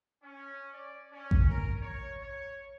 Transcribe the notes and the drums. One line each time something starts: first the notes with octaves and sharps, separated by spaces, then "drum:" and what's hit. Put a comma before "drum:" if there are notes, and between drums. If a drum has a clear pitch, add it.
C#4
D5
C#4
drum: kick A1
A#4
C#5
C#5